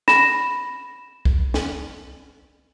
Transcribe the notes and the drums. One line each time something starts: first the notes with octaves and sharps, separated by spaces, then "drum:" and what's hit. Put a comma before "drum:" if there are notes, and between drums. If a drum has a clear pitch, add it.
B5 A#6 E7, drum: snare
drum: kick
drum: snare